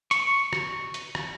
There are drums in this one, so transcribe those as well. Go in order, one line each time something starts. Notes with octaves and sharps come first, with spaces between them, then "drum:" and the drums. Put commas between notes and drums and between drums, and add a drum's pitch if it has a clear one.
C#6, drum: hi-hat
drum: rim click
drum: hi-hat
drum: rim click